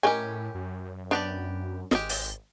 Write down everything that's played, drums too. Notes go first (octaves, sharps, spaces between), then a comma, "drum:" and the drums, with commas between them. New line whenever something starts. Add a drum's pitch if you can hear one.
A2 C#4 G4 A#4 D#5 G#5
F#2
B3 D4 G4 D5
G#1 G#3 G4, drum: snare
drum: open hi-hat